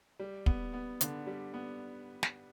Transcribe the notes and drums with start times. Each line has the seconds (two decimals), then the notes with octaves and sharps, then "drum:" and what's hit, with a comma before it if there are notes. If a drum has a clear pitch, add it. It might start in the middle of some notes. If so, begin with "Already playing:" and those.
0.20 G3
0.46 B3, drum: kick
0.73 B3
1.01 D3, drum: hi-hat
1.27 G3
1.54 B3
2.23 drum: snare